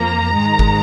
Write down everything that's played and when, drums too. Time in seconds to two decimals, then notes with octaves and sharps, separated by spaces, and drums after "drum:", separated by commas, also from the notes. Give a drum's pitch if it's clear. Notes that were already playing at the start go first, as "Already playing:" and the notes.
Already playing: F2 F3 A#3 A#5
0.33 G#2 D#3 G#3
0.59 drum: kick G1